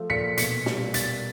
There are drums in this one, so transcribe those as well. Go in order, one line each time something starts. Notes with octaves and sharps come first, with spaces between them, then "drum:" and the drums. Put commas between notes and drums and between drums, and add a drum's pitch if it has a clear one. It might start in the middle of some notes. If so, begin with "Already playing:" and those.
Already playing: F3 A3
A#2 B6 C#7
B2 B6 C#7, drum: hi-hat
G3, drum: snare
B3 A6 B6, drum: hi-hat